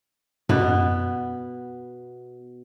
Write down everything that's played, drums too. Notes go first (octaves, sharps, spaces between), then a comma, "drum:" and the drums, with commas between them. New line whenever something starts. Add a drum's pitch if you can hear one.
B2 B3, drum: tom F#2